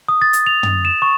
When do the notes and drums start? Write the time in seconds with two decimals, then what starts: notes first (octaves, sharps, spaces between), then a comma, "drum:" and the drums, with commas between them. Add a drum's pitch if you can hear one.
0.08 D#6
0.22 A6
0.33 drum: hi-hat
0.47 F7
0.63 drum: tom
0.85 E7
1.02 C#6